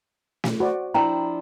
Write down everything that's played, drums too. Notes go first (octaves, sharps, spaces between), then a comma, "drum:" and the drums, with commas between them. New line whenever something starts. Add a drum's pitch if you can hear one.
drum: snare
F#4 C5 D5
F3 D4 E4 G5 A#5